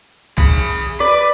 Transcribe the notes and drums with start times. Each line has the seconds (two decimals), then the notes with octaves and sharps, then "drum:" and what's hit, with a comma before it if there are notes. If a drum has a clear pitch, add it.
0.38 G#4 B5, drum: kick B1
1.00 B4 D5